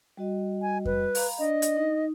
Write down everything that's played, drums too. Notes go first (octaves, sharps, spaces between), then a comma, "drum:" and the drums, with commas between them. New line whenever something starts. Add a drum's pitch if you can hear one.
G3 F#4 D#5
G#5
B4, drum: kick F2
F5 A#5 B5, drum: open hi-hat
D4 D5 D#5
drum: hi-hat
D#4